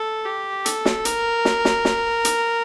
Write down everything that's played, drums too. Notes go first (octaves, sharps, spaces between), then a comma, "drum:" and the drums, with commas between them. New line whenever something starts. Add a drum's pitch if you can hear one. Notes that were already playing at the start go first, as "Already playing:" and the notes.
Already playing: A4
G4
A4, drum: hi-hat
drum: snare
A#4, drum: hi-hat
drum: snare
drum: snare
drum: snare
drum: hi-hat